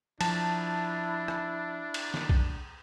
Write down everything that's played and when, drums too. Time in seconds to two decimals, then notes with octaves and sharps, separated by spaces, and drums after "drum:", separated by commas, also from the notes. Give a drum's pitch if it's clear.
0.21 F3 D4 E4 A5, drum: cymbal
1.28 drum: rim click
1.94 drum: cymbal
2.14 drum: snare
2.29 drum: kick B1